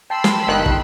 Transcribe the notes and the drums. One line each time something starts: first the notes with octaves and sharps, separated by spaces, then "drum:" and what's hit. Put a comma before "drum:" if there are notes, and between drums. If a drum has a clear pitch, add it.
G5 A5 B5 C6 E6 C7
drum: snare
G1 D#3 F#6
drum: kick